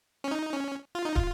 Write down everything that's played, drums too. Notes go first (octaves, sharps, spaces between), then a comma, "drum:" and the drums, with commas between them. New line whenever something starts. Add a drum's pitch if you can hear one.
C#4
D#4
C#4
F4
D#4
F4, drum: kick